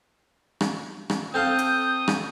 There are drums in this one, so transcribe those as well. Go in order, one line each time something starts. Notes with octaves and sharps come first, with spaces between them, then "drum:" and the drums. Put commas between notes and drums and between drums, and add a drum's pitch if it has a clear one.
drum: rim click
drum: rim click
C4 A4 F5 D#6 G6
drum: hi-hat
drum: rim click